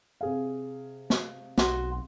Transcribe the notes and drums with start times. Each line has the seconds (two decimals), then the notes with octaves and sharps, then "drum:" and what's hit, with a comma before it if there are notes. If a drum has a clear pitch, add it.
0.21 C3 G#4 F5
1.10 drum: snare
1.58 B1 F#4 C6, drum: snare